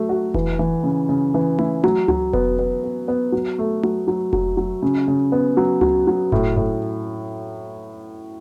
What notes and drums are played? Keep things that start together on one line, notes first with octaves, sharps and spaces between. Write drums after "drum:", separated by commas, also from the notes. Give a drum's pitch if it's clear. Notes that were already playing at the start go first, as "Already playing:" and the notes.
Already playing: F#3 A3
F#4
E3, drum: kick F1
E3
C#3
C#3
E3
E4, drum: tom A3
F#3, drum: tom A3
F#3, drum: tom C#2
B3, drum: kick F1
B3
B3
B3
F#3
A3
F#3, drum: tom A3
F#3
F#3, drum: kick F1
F#3
C#3
C#3
B3
F#3
F#3, drum: tom C#2
F#3
A2, drum: kick F1
A2